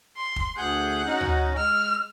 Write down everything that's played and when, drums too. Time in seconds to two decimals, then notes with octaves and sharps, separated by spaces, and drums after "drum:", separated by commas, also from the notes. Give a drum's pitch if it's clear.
0.17 C6
0.36 drum: kick
0.57 D2 G#4 F#5 G6
1.06 C#4 D#4 F#4
1.21 drum: tom D2
1.57 G#3 E6 F6